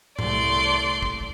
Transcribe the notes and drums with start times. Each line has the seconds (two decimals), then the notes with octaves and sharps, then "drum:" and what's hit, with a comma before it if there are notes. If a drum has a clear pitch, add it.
0.19 C2 A3 D5 C6, drum: tom G#2
1.02 drum: kick